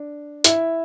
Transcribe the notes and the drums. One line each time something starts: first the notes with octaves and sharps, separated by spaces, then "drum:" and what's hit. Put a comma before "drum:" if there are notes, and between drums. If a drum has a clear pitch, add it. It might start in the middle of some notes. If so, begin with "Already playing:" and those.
Already playing: D4
E4 E5, drum: hi-hat